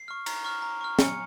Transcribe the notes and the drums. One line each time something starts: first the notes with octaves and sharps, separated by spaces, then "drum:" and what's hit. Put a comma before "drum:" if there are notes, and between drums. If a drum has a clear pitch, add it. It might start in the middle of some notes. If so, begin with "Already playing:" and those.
Already playing: C7
C#6 F6
A#5, drum: cymbal
C#6 F6
A#5
C#6 F6
G#5 C#7, drum: snare